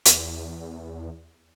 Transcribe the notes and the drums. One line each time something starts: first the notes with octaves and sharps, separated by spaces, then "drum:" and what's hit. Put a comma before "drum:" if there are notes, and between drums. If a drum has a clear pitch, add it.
E2, drum: hi-hat